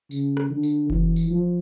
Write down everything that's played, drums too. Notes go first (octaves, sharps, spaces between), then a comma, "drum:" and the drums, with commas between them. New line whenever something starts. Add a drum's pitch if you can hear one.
C#3, drum: tambourine
drum: rim click
D3
drum: tambourine
E3, drum: kick F1
drum: tambourine
F3